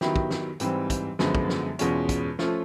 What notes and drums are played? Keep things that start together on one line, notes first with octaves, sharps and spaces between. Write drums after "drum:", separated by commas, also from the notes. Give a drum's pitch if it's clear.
D#3 F#3 B3 E4 G4, drum: snare
drum: kick
drum: snare
G#2 E3 G3 C4, drum: hi-hat
drum: kick, hi-hat
F#2 D3 F3 G#3 B3, drum: snare
drum: kick
drum: snare
E2 B2 G#3 C#4 F4, drum: hi-hat
drum: kick, hi-hat
F3 A3 C#4 F4, drum: snare